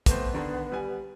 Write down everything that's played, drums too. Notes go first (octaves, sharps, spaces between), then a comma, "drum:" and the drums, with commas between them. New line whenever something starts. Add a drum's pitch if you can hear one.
F2 A3 B3 C5, drum: kick, hi-hat
D3 D#3 D4
G3 G#5